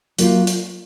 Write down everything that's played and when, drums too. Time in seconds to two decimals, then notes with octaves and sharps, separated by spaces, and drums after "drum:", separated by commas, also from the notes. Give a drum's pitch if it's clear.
0.18 F#3 A#3 F4, drum: hi-hat
0.47 drum: hi-hat